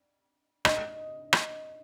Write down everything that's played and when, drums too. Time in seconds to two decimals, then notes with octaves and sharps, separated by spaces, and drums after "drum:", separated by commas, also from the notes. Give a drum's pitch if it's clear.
0.65 D#5, drum: rim click
1.33 drum: rim click